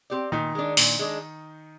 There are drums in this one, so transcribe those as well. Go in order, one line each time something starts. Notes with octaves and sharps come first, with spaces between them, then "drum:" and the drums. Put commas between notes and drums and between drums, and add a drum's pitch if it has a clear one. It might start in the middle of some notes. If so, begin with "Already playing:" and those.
C4 G4 D5
A#2 D#3 D#4
G#3 D4
A#2, drum: open hi-hat
G#3 D4